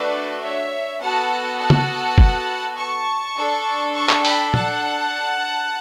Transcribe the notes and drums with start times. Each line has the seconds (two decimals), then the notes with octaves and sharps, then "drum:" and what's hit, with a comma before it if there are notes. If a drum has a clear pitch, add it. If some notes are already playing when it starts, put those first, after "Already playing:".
Already playing: A3 D4 F#4 A4 B4 D5
0.42 C#5 E5
1.01 B3 F#4 A4 F#5 A5
1.60 F#5 A5
1.70 drum: tom C#3
2.18 drum: kick
2.78 A5 C#6
3.36 D4 A4
3.95 A5 C#6
4.09 drum: clap
4.25 G5 B5, drum: open hi-hat
4.54 F#5 A5, drum: tom